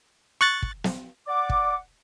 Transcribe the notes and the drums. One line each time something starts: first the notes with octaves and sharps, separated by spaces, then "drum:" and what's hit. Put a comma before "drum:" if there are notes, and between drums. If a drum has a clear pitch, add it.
C#6 F#6 A6
drum: kick
drum: snare
D5 F#5 D6
drum: kick